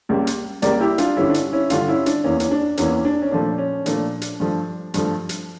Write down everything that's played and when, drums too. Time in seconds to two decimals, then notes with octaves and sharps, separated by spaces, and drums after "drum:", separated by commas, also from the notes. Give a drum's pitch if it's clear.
0.09 C#2 C#3 G3 A#3
0.27 drum: hi-hat
0.62 C#2 C#3 G3 A#3 A#4 D5, drum: hi-hat
0.80 E4 G4
0.98 D4 F4, drum: hi-hat
1.16 G2 D3 G3 C#4 E4
1.30 D4
1.34 C#4, drum: hi-hat
1.52 C#4 E4
1.70 G2 D3 G3 D4 F4, drum: hi-hat
1.88 C#4 E4
2.06 D4, drum: hi-hat
2.24 E2 E3 A#3 C#4
2.40 C#4, drum: hi-hat
2.51 D4
2.77 E2 E3 A#3 C#4, drum: hi-hat
3.05 D4
3.22 C#4
3.31 A#2 F3 A3 D4
3.58 C#4
3.86 A#2 F3 A3 D4, drum: hi-hat
4.22 drum: hi-hat
4.40 G2 F3 A3
4.94 G2 F3 A3, drum: hi-hat
5.29 drum: hi-hat